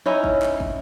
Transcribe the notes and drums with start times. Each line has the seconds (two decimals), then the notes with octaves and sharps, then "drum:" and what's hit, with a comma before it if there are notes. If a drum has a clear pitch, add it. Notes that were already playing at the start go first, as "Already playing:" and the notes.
0.06 C#4 D#4 E4
0.24 drum: kick
0.42 drum: clap
0.60 drum: kick